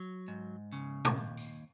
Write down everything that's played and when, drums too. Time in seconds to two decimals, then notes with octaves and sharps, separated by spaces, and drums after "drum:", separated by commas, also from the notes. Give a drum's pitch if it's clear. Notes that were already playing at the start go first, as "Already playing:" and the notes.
Already playing: F#3
0.28 G#2
0.72 C#3
1.05 drum: tom A#2
1.18 D#2
1.37 drum: tambourine